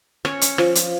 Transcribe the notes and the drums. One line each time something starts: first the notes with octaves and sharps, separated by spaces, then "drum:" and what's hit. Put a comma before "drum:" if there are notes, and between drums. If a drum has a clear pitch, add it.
C#4 C#5, drum: rim click
drum: hi-hat
F3, drum: rim click
drum: hi-hat